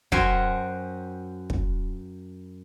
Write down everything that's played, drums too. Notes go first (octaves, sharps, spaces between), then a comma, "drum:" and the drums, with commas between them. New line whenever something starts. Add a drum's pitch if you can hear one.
F#2 F#4 C5 G5 G#5, drum: kick
drum: kick